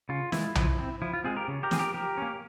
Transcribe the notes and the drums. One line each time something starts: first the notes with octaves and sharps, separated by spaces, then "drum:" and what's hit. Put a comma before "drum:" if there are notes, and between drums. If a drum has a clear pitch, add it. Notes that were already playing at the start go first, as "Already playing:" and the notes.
C#3 F4
E3 G#3 E4, drum: snare
F3, drum: tom B1
C4
F3 E4
F4
G#3 C4 F4 G#4
G4 A#4
C#3
G4 A#4
F3 C4 G#4, drum: snare
G4 A#4
F3 G4 A#4
A#3 C#4